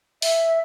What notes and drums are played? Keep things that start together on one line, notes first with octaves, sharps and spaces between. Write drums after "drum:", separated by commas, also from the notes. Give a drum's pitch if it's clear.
E5, drum: open hi-hat